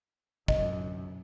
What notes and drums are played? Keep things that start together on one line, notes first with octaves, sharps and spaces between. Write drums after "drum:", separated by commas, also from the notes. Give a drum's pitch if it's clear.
F#2 D#5, drum: kick